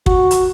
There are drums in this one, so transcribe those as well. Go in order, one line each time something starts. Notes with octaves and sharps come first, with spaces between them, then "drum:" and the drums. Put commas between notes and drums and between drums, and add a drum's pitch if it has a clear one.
F#4, drum: kick
drum: hi-hat